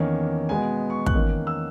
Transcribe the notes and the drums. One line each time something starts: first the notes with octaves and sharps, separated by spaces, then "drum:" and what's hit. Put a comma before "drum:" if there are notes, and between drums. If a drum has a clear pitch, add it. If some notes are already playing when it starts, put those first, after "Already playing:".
Already playing: E2 D#3 A#3 C#4
B2 G#3 B3 G#5
C#6
F#6, drum: kick
E2 D#3 A#3 C#4
E6